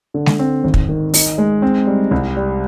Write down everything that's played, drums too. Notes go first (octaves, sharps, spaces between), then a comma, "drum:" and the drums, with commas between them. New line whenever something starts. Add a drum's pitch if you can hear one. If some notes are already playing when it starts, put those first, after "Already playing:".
D3
drum: snare G#3
C4
G#1
drum: kick
D#3
D#4, drum: open hi-hat
G#3
C4
G3
C2
G3